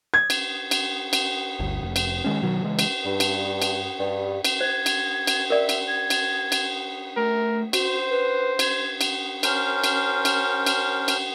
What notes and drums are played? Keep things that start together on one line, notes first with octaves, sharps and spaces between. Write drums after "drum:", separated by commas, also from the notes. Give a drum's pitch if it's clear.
G#6
drum: cymbal
drum: cymbal
drum: cymbal
G1 D2
F1
drum: cymbal
D#3 G#3 C#4
B2 D#3 F#3
C#3 E3 G#3
drum: cymbal
G2
drum: cymbal
drum: cymbal
G2
drum: cymbal
C5 G#6
drum: cymbal
drum: cymbal
A#4 D5 E5
drum: cymbal
G#6
drum: cymbal
drum: cymbal
A3 A#4
F#4 C5, drum: cymbal
B4
G#6, drum: cymbal
drum: cymbal
C#4 A#4 C5, drum: cymbal
drum: cymbal
drum: cymbal
drum: cymbal
drum: cymbal